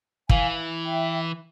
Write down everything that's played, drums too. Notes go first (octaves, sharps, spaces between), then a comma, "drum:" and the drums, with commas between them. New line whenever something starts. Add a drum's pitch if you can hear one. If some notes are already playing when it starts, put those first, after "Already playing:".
E3 F5 G#5, drum: kick
E5 G5